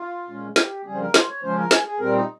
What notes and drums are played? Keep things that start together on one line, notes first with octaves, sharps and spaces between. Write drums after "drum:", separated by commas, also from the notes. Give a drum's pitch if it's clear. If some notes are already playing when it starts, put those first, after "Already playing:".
Already playing: F4
A#2 G#3 C#4
G4, drum: snare
F2 C#3 G3 G#4
C5
A#4
C5, drum: snare
C#5
C#3 F3 G#3 C#4 C5
A#4
G#4, drum: snare
G#4
A#2 G3 C4 A#4
D#4